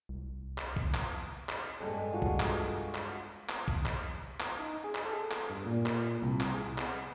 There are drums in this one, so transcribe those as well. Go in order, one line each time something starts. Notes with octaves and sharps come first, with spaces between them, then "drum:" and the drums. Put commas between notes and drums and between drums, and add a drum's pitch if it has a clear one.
C2
drum: clap
drum: kick
drum: clap
drum: clap
G2 G#3 A4 D#5 G5
D4 F4 F#4
drum: kick
drum: clap
drum: clap
drum: clap
drum: kick
drum: clap
drum: clap
D#4
G#4
drum: clap
A4
drum: clap
G2
A#2
drum: clap
C2
drum: clap
G#4
B3, drum: clap